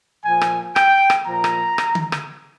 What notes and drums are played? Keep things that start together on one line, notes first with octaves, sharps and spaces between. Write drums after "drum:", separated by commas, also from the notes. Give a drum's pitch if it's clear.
A#2 F3 G#5
drum: rim click
G5, drum: rim click
drum: rim click
A#2 F3 A#5
drum: rim click
drum: rim click
drum: tom D3
drum: rim click